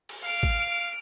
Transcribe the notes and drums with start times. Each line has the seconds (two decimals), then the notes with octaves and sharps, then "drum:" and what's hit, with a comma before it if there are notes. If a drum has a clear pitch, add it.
0.09 drum: cymbal
0.23 F5 F6 D7
0.43 drum: kick A1